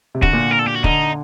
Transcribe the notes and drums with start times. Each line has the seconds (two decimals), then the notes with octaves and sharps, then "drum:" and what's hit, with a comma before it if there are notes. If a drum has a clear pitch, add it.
0.15 C3
0.23 D3 F#4, drum: kick
0.33 A#2
0.51 A#4
0.59 A4
0.67 G4
0.75 F#4
0.84 D3 D#4, drum: kick